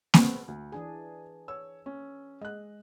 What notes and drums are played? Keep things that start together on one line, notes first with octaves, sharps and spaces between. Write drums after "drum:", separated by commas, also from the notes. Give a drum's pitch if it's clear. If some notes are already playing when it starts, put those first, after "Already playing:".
G#3 B3 C4, drum: snare A#3
D2
E3 D4 G#4 G#5
C#5 E6
C#4
G#3 D#5 F#6